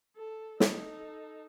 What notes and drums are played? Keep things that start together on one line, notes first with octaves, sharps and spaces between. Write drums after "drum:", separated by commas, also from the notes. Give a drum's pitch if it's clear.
A4
D#4 A4, drum: snare